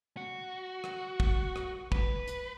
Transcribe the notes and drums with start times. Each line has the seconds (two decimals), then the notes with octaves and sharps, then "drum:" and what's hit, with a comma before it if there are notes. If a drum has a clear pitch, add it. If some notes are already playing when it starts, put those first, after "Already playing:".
0.17 F#4
0.84 drum: rim click
1.20 drum: kick
1.56 drum: rim click
1.92 B4, drum: kick
2.28 drum: hi-hat